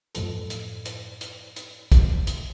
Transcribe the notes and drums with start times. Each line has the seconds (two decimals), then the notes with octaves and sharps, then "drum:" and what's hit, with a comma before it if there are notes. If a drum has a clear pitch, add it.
0.15 F#2 A2 F3 A4, drum: hi-hat
0.50 drum: hi-hat
0.85 drum: hi-hat
1.21 drum: hi-hat
1.56 drum: hi-hat
1.92 drum: kick, hi-hat
2.27 drum: hi-hat